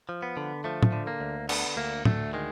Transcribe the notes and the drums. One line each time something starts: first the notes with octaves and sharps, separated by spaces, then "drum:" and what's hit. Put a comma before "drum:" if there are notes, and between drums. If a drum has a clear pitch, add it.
F3
B3
D3
F3 A3
drum: tom
D3
A#3
D2
D3 B3, drum: cymbal
D2 A#3
D2 A3, drum: tom
D#3 G#3